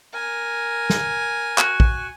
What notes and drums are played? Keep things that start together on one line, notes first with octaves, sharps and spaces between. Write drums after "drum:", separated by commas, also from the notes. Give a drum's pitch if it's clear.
A#4 G#5
drum: snare
F#4, drum: clap
drum: kick